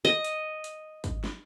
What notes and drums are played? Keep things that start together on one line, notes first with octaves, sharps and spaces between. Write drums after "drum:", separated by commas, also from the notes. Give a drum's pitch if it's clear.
D#5
drum: hi-hat
drum: hi-hat
drum: kick, hi-hat
drum: snare